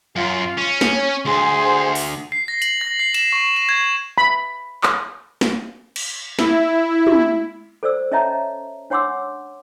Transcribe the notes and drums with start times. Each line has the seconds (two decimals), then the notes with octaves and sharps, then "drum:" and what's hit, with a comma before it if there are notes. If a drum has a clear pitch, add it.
0.16 F#2 F4
0.58 C#4
0.81 drum: snare
0.94 C#5
1.25 D2 G#4 C5
1.95 drum: open hi-hat
2.32 C7
2.48 A#6
2.62 F#7, drum: hi-hat
2.81 A#6
2.99 C7
3.14 E7, drum: cymbal
3.32 C#6
3.57 E7
3.69 G#6
4.18 B5
4.83 drum: clap
5.41 drum: snare
5.96 drum: cymbal
6.39 E4, drum: snare
7.07 drum: tom
7.83 A4 C5 D5 E6
8.12 C#4 C#5 D#5 E5 A5 A#5
8.90 D4 C#5 F#5 C6 D6 E6